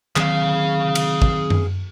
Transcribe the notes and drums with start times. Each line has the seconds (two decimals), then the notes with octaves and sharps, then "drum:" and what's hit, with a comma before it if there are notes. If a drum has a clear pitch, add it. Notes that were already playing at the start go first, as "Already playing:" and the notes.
0.16 D#3 F#3 C4 G#4 F5, drum: clap
0.95 drum: cymbal
1.22 drum: kick
1.50 drum: tom F#2